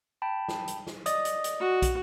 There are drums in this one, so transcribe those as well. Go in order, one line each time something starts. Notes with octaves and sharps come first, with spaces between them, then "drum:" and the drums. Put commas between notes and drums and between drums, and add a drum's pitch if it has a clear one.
G5 A5 B5
drum: snare
drum: hi-hat
drum: snare
D5 D#5 D#6, drum: hi-hat
drum: hi-hat
drum: hi-hat
F#4
drum: kick, hi-hat